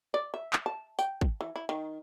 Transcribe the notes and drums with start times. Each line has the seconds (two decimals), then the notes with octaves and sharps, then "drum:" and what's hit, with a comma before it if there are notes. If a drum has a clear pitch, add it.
0.14 D5
0.34 E5
0.53 drum: clap
0.66 A5
0.99 G5, drum: tambourine
1.21 drum: kick
1.41 E3
1.56 E4
1.69 D#3